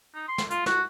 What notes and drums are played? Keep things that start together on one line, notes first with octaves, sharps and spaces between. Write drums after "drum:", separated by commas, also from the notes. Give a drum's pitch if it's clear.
D#4
C6
drum: snare
F4, drum: hi-hat
F#4, drum: snare